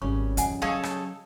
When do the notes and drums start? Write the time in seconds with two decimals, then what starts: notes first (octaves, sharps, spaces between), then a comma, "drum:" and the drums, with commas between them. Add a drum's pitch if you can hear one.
0.02 G#1 C#3 G3 C#4 C#6
0.37 F2 D#5 F#5 G#5, drum: hi-hat
0.62 F#3 G#4 A4 C#5 D#5 F5
0.83 drum: rim click